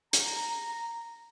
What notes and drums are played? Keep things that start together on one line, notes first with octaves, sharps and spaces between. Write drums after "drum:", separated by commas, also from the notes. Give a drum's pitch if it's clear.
A#5, drum: hi-hat